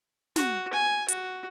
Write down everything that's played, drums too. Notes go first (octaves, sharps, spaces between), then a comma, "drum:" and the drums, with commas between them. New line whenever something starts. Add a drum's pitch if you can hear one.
F#4, drum: snare
G#5
F#4, drum: hi-hat